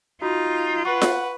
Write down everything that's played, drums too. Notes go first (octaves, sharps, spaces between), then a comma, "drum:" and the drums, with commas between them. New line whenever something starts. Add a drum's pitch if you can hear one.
D#4 F4 F#4
B4 F#5 C#6
drum: snare F4